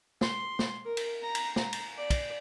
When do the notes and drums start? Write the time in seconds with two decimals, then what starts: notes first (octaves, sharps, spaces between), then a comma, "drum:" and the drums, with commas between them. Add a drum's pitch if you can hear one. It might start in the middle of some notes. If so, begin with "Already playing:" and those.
0.21 C6, drum: snare
0.59 drum: snare
0.85 A#4
0.97 drum: cymbal
1.22 A#5
1.35 drum: cymbal
1.56 A#5, drum: snare
1.73 drum: cymbal
1.97 D5
2.10 drum: kick, cymbal